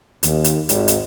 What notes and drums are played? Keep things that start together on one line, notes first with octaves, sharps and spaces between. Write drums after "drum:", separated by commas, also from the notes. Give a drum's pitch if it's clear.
D#2, drum: hi-hat
drum: hi-hat
G#1, drum: hi-hat
drum: hi-hat